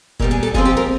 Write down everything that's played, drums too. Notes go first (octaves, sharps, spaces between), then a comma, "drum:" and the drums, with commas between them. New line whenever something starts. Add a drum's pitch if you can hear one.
A#2 G3 B3 A#4, drum: kick F1
G#4
A4
G#2 F3 G#3 C4 G#4, drum: kick F1
G4
A#4